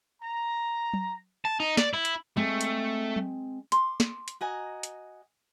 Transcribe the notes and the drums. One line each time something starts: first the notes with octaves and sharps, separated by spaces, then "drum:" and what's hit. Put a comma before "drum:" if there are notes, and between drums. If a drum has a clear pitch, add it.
A#5
drum: tom F#3
A5
D#4
D5, drum: snare
E4
drum: hi-hat
G#3 A3 C4 G5
drum: hi-hat
drum: tom F#3
C6 D6, drum: hi-hat
drum: snare
drum: hi-hat
F#4 D#5 G#5 A#5
drum: hi-hat